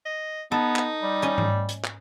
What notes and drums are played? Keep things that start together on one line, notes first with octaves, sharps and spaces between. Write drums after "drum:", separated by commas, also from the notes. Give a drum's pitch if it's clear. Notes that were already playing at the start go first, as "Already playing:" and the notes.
D#5
B3 D#4 A4
drum: clap
G3
C#4 D#5
drum: tom G#2
drum: hi-hat
drum: clap